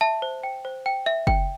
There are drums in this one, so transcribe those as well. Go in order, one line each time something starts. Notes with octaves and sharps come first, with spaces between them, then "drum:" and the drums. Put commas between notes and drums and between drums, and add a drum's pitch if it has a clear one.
E5 A5
C5
G5
C5
G5
E5
G5, drum: kick F#1